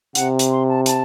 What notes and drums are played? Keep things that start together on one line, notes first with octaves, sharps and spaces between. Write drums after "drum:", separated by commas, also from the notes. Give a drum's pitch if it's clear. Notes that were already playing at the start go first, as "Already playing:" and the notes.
C3 F#5, drum: hi-hat
drum: hi-hat
C6
A5
A5, drum: hi-hat